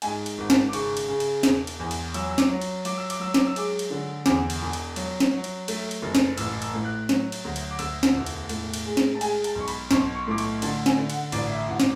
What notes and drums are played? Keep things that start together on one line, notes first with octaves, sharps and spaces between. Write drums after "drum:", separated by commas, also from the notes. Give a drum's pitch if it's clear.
G#2 G#5, drum: cymbal
drum: cymbal
G#1
A5, drum: snare
D6
C#3 C#6, drum: cymbal
drum: cymbal
C#3
drum: cymbal
E1, drum: snare
drum: cymbal
E2
drum: cymbal
F#3 E6, drum: cymbal
E6
D6, drum: snare
F#3
drum: cymbal
F#3 D6, drum: cymbal
E6
D6, drum: cymbal
F#3 E6
D6, drum: snare
E6
G#3 D6, drum: cymbal
drum: cymbal
D3
E2 D6, drum: snare
drum: cymbal
E1
drum: cymbal
F#3, drum: cymbal
drum: snare
F#3
drum: cymbal
A3, drum: cymbal
drum: cymbal
F#1
drum: snare
A1 E6, drum: cymbal
E6, drum: cymbal
A2
F#6
F#3, drum: snare
drum: cymbal
D2
drum: cymbal
D6
D2 E6, drum: cymbal
drum: snare
E1
drum: cymbal
A2, drum: cymbal
drum: cymbal
G#3
drum: snare
A5
G#3 G#5, drum: cymbal
A5, drum: cymbal
B1 C#6
B5, drum: cymbal
B1 C#6, drum: snare
C#6
A2 D6
C#6, drum: cymbal
D3 A5, drum: cymbal
G#5, drum: snare
D3
F#5, drum: cymbal
A1 D5, drum: cymbal
E5
A1 F#5
drum: snare